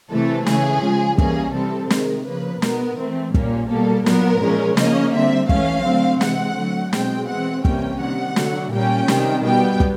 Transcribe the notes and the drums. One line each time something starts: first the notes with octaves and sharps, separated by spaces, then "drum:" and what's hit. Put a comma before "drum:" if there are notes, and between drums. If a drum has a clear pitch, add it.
C3 E3 A3 A4
C#3 E3 A3 C#4 G#4, drum: snare
C#3 F3 G#3
E3 G3 A#3 C#4 G#4, drum: kick
C3 E3 G3 C4 A4
C3 D#3 G#3 A#4, drum: snare
C#3 F3 A#3 B4
B2 G#3 B3 A#4, drum: snare
E3 A3 C4
A#2 G3 A#3 C#4, drum: kick
B2 G3 A#3 A4
A#2 F#3 B3 A#4, drum: snare
A#2 F3 G#3 C#4
C#3 F3 A#3 C#4 D#5, drum: snare
D3 G3 C4 E5
E3 A3 C#4 F5, drum: kick
D3 F#3 A3 C4
C3 E3 G#3 C4 F#5, drum: snare
D3 F#3 A3
B2 G#3 C4 G5, drum: snare
E3 G#3 C4 F#5
C3 E3 G3 A#3 C#4 G5, drum: kick
C3 D#3 G3 F#5
D3 F#3 A3, drum: snare
A#2 G3 A#3 C#4 G5
C3 D#3 G3, drum: snare
B2 G3 B3 G5
drum: kick